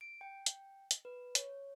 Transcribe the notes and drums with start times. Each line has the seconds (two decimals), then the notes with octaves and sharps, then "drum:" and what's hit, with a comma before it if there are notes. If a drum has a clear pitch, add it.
0.01 D7
0.21 G5
0.46 drum: hi-hat
0.91 drum: hi-hat
1.05 B4
1.35 C#5, drum: hi-hat